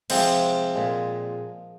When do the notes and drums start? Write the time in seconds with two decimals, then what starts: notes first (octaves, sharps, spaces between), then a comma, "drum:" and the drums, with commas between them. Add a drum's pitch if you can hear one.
0.10 C3 F3 G#3 C4, drum: cymbal
0.75 A#2 G#3